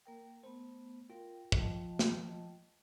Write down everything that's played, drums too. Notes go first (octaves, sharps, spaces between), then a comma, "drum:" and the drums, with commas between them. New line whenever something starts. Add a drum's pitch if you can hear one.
A#3 A#4 G5
A3 B3 C5
F4 A#4 G5
F3 F4 D#5 G5 A5, drum: kick
drum: snare